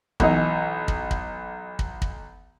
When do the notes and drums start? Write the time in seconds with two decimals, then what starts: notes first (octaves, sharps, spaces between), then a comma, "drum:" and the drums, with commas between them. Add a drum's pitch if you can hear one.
0.20 B1 E3 D#4, drum: kick
0.88 drum: kick
1.11 drum: kick
1.79 drum: kick
2.02 drum: kick